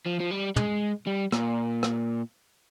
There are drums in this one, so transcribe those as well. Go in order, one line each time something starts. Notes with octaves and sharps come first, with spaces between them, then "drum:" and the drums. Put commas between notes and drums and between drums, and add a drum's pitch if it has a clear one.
F3
F3
G3
G#3, drum: tom
G3
A#2, drum: rim click
drum: rim click